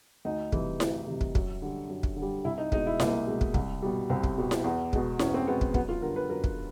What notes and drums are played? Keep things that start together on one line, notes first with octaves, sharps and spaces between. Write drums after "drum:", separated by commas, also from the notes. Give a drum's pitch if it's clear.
D2 D#4
C3 E3 G3, drum: kick
D2, drum: snare E4
C3 E3 G3
drum: kick
F#2, drum: kick
D3 G3
F#2
drum: kick
D3
G3
C2 E4
D#4
B2 G#3 D#4, drum: kick
E4
C2 A#3, drum: snare E4
B2 G#3
drum: kick
C2, drum: kick
B2 G3
C2 C4
drum: kick
B2 G3
drum: snare E4
E2
B2 G#3, drum: kick
E2 C#4, drum: snare E4
C4
B2 G#3 B3
drum: kick
F#2 B3, drum: kick
F4
D3 G3 A#4
B4
F#2 A#4
drum: kick